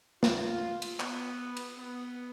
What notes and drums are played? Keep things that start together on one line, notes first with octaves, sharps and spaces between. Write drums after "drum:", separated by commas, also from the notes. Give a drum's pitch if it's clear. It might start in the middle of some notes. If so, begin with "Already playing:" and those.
F4, drum: snare
drum: cymbal
B3, drum: clap
drum: cymbal
B3